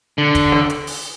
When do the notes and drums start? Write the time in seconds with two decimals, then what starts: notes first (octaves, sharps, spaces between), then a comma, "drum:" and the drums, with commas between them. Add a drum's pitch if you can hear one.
0.18 D3
0.35 drum: kick, hi-hat
0.52 drum: snare
0.70 drum: hi-hat
0.87 drum: open hi-hat